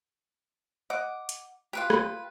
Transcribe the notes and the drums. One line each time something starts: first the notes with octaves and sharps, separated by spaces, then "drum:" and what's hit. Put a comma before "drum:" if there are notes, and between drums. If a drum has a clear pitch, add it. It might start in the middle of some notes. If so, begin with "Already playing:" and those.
D#5 F#5 D6
drum: hi-hat
F4 G4 B4 G5
drum: rim click